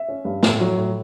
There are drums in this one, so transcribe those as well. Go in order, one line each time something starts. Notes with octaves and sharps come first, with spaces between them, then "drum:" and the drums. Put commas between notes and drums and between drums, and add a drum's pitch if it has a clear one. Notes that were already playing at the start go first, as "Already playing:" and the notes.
Already playing: E5
C#4
G2
A2, drum: snare
F#3
A2